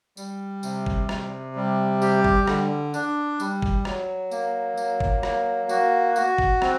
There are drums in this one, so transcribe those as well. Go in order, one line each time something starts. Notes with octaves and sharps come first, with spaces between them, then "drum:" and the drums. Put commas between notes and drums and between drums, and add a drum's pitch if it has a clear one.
G3, drum: tambourine
C3, drum: tambourine
drum: kick
C3, drum: rim click
G3
G4, drum: tambourine
drum: kick
D3, drum: rim click
D4, drum: tambourine
G3, drum: tambourine
drum: kick
F#3, drum: rim click
A#3, drum: tambourine
F#3, drum: tambourine
drum: kick
A#3, drum: rim click
F#4, drum: tambourine
F#4, drum: tambourine
drum: kick
C4, drum: rim click